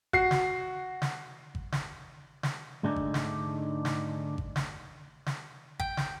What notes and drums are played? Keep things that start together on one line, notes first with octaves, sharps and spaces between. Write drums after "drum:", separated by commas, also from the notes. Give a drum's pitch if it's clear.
F#4 C7, drum: kick G#1
drum: snare
drum: snare
drum: kick G#1
drum: snare
drum: snare
G#2 D3 G#3 A3 D4 D#4
drum: kick G#1
drum: snare
drum: snare
drum: kick G#1
drum: snare
drum: snare
G5, drum: kick G#1
drum: snare